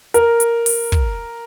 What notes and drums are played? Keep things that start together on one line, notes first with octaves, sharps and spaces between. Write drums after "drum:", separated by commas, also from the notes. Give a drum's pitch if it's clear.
A#4, drum: hi-hat
drum: hi-hat
drum: open hi-hat
drum: kick